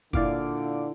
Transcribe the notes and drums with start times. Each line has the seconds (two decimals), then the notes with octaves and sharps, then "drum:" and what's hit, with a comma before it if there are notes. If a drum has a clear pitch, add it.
0.13 A#2 D3 E4 F4 B4 D5 F5 D6, drum: kick